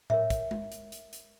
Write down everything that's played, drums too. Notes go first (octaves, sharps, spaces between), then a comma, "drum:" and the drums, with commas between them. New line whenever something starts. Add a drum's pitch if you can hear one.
A#4 C#5 E5, drum: tom A2
drum: kick, hi-hat
drum: tom G#3
drum: hi-hat
drum: hi-hat
drum: hi-hat